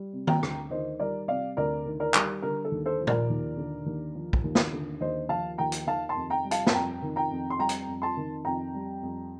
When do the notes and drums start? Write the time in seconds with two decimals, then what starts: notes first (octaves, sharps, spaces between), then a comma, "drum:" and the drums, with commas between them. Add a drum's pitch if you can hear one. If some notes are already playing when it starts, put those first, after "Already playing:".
Already playing: G3
0.13 C3
0.27 G5 A#5, drum: tom D#3
0.43 D2, drum: rim click
0.70 D#3 C5 D#5
1.00 G3 A#4 D5
1.28 C3 D5 F5
1.57 D2 A#4 D5
1.86 D#3
2.00 A#4 D5
2.14 G3, drum: clap
2.42 D3 A#4
2.65 A4
2.72 D#2
2.86 A4 C5
3.01 F3
3.07 A#4 D5, drum: tom
3.30 D#2
3.57 D3
3.86 D#2
4.15 F3
4.33 drum: kick
4.44 D#2
4.55 drum: snare
4.73 D3
5.01 D#2 C5 D#5
5.29 F3 F5 A5
5.58 D#2 G5 A#5
5.72 drum: hi-hat
5.87 D#3 F5 A5
6.09 A5 C6
6.15 F2
6.30 G5 A#5
6.45 G3
6.51 F5 A5, drum: hi-hat
6.67 A5, drum: snare
6.73 F2 G5 A#5
7.02 D#3
7.16 G5 A#5
7.31 F2
7.50 C6
7.59 G3 G5 A#5
7.69 drum: hi-hat
7.87 F2
8.02 A5 C6
8.17 D#3
8.45 F2 G5 A#5
8.74 G3
9.03 F2